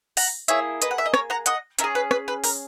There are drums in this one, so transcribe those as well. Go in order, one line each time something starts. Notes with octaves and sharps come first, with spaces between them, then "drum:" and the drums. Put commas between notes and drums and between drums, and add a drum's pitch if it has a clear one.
F#5 A#5, drum: open hi-hat
A#3 E4 G#4 C#5 E5, drum: hi-hat
B4 D#5, drum: hi-hat
F#5
E5
D#5
A#4 C#5, drum: rim click
F#5 A#5
D#5 F#5, drum: hi-hat
C#4 E4 A#4, drum: hi-hat
G#4
B4
B4, drum: rim click
B4
A#4, drum: open hi-hat